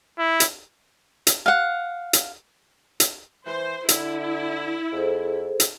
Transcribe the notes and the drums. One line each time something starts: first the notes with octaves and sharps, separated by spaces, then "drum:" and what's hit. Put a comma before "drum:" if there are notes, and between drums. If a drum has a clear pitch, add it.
E4
drum: hi-hat
drum: hi-hat
F5 F#5
drum: hi-hat
drum: hi-hat
E3 C5
D3 E4, drum: hi-hat
F2 G#4 A4 C5
drum: hi-hat